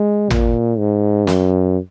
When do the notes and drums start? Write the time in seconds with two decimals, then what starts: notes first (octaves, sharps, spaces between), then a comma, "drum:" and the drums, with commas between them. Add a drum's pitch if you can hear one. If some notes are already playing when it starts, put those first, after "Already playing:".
Already playing: G#3
0.30 A#2, drum: tom
0.79 G#2
1.27 F#2, drum: snare